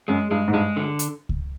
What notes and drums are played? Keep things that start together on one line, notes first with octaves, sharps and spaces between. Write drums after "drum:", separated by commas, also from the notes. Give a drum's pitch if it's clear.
F#2 G#3
G2 G#3
G#2
G2 G#3
D3
drum: hi-hat
drum: kick C#2